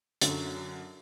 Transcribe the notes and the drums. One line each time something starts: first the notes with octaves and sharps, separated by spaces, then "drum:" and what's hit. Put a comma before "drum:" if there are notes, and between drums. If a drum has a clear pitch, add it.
F#2 D3 F#3, drum: hi-hat